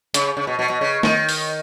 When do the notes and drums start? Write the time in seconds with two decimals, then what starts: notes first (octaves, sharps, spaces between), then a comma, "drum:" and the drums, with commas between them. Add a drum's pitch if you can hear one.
0.14 C#3, drum: hi-hat
0.37 C#3
0.47 B2
0.59 B2
0.70 B2
0.81 C#3
1.03 D#3, drum: snare
1.29 drum: open hi-hat